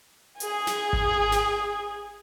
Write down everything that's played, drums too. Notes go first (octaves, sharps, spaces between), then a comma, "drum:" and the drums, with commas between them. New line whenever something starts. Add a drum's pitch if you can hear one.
G#4 G#5, drum: hi-hat
drum: snare
drum: kick G#1
drum: snare